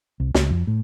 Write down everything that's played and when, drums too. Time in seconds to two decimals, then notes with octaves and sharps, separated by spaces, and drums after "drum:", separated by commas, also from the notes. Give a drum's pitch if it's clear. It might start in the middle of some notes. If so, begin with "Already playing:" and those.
0.20 C2
0.34 C#2, drum: snare
0.50 F2
0.67 A2